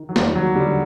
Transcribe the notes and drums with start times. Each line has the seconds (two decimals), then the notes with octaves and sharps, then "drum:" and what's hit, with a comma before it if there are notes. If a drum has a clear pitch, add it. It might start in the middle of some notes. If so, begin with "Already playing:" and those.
Already playing: D#3
0.09 F#3
0.16 D#2 G3, drum: snare
0.36 F#3
0.55 D3 G3